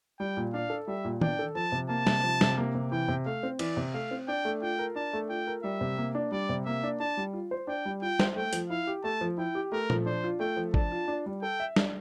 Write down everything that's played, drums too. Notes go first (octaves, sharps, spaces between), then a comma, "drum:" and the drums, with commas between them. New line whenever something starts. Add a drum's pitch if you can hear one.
G3 G5
A#2
D4 F5
A4
G3 E5
A#2
D4 G5, drum: tom D#3
A4
F3 A5
C3
A#3 A5
C3, drum: snare
F3
C3, drum: snare
A#3
C3
E3 G5
C3
A3 F5
C4
E3 D5, drum: cymbal
C3
A3 F5
C4
D4 G5
A3
F4 G5
A#4
D4 A5
A3
F4 G5
A#4
G3 E5
C3
A#3
D4
G3 D5
C3
A#3 E5
D4
D4 A5
G3
F4
C5
D4 G5
G3
F4 G5
C5, drum: snare
A3 G5
F3, drum: hi-hat
E4 F5
G4
A3 A5
F3
E4 G5
G4
A3 A#4
F3, drum: tom A#2
D4 C5
F4
A3 G5
F3
D4 A5, drum: kick G#1
F4
D4
G3
A4 G5
E5
D4, drum: snare